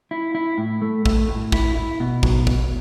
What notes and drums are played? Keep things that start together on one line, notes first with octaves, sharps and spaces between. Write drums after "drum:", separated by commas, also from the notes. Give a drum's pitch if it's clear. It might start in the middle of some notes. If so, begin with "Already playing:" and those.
E4
E4
A2
A3
A3, drum: kick
A2
E4, drum: kick
E4
B2
F#3, drum: kick
drum: kick